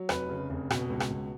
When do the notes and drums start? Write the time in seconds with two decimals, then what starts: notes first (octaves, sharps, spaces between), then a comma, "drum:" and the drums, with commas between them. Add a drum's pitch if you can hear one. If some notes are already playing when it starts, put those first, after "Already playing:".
Already playing: F#3
0.09 F1 B4, drum: rim click
0.29 C#3
0.50 F1
0.70 B2, drum: rim click
0.90 C#2
1.00 drum: rim click
1.10 B2